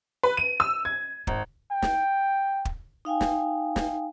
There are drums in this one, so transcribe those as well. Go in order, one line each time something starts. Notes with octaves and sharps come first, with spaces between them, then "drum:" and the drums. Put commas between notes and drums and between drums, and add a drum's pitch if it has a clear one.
B4
D#7
E6
G#6
G#1, drum: kick
G5
drum: snare
drum: kick
D#4 F5 G5 G#5
drum: snare
drum: snare